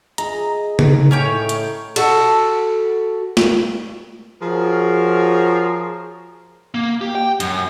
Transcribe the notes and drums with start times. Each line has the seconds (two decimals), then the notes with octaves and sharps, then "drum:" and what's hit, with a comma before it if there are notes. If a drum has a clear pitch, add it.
0.18 G#4 D#5 E5 A#5, drum: hi-hat
0.79 drum: tom
1.11 A2 C#4 C#5 G5
1.49 drum: hi-hat
1.96 F#4 A4, drum: cymbal
3.37 drum: snare
4.42 F3 F#4 G#4 A#4 C#5
6.75 A#3
7.01 G4
7.15 G5
7.40 F#2, drum: hi-hat